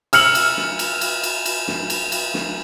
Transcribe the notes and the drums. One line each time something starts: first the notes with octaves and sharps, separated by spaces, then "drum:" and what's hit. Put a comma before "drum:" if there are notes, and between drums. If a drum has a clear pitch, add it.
E6 F6 C#7 F#7, drum: cymbal
drum: cymbal
drum: snare
drum: cymbal
drum: cymbal
drum: cymbal
drum: cymbal
drum: snare
drum: cymbal
drum: cymbal
drum: snare